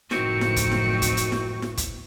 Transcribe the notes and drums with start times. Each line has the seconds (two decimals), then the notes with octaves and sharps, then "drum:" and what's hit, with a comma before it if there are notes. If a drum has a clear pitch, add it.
0.11 F#1 A2 D#3 F3 C4 F#4 C#7, drum: snare E4
0.41 drum: snare E4
0.56 drum: kick, hi-hat
0.72 drum: snare E4
1.02 drum: kick, hi-hat
1.17 drum: hi-hat
1.32 drum: snare E4
1.62 drum: snare E4
1.77 drum: kick, hi-hat